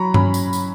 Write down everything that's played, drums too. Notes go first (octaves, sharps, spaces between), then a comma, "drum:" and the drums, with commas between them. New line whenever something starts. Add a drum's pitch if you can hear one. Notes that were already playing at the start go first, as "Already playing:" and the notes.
Already playing: F#3 A#5 B5 C#6
C#4 B5, drum: tom G2
drum: tambourine
drum: tambourine